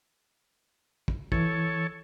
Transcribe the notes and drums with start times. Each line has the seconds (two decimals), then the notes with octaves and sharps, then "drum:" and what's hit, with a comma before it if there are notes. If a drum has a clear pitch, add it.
1.08 drum: kick
1.32 E3 A4 C#5, drum: kick